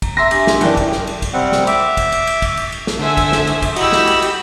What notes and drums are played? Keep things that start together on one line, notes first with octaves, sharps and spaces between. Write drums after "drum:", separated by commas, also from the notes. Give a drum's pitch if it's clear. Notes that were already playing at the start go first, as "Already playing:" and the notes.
A#5, drum: kick, cymbal
E5 C6 A#6
D4 G4 G#5, drum: cymbal
drum: snare
F#1 E3 D5 G5 A5 D6, drum: cymbal
drum: kick, cymbal
drum: snare
drum: cymbal
drum: kick, cymbal
C3 G3 C4 F#5
drum: snare
E5 D6, drum: cymbal
drum: kick, cymbal
drum: cymbal
drum: cymbal
drum: kick, cymbal
drum: cymbal
drum: cymbal
drum: snare
D3 A4 C5 E5 G#5
drum: kick, cymbal
drum: snare
drum: cymbal
drum: kick, cymbal
E4 F#4 G4 D#5 B5 E6, drum: cymbal
drum: snare
drum: cymbal
drum: cymbal